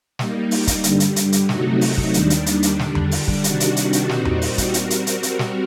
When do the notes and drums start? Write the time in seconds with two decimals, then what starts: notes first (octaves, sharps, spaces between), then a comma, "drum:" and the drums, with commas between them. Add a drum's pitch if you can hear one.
0.19 G3 A#3 D#4, drum: snare
0.51 drum: open hi-hat
0.67 drum: kick, hi-hat
0.84 G2 D3 G3, drum: hi-hat
1.00 drum: hi-hat
1.16 drum: hi-hat
1.32 drum: hi-hat
1.49 C3 F#3 A3 D#4 F#4, drum: snare
1.81 drum: open hi-hat
1.98 drum: kick
2.14 D#2 D#3 G3 D4, drum: hi-hat
2.30 drum: hi-hat
2.46 drum: hi-hat
2.63 drum: hi-hat
2.79 D3 G3 D4, drum: snare
2.95 drum: tom E2
3.11 drum: open hi-hat
3.28 drum: kick
3.44 C3 D#3 G3 D4 F#4, drum: hi-hat
3.60 drum: hi-hat
3.76 drum: hi-hat
3.93 drum: hi-hat
4.09 A#2 G3 C4 D#4 F#4, drum: snare
4.25 drum: tom E2
4.42 drum: open hi-hat
4.58 drum: kick, hi-hat
4.74 G3 C4 F#4 A#4, drum: hi-hat
4.90 drum: hi-hat
5.07 drum: hi-hat
5.23 drum: hi-hat
5.39 drum: snare